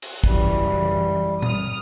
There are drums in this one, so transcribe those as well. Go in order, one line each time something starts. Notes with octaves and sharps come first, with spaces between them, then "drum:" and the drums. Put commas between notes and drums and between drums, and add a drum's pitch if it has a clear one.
drum: cymbal
F#2 C#3 E3 G3, drum: kick
D#6 F6, drum: tom A#2